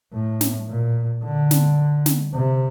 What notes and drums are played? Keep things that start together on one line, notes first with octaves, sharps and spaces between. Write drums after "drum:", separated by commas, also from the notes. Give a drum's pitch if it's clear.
A2
drum: snare
A#2
D3
drum: snare
drum: snare
C3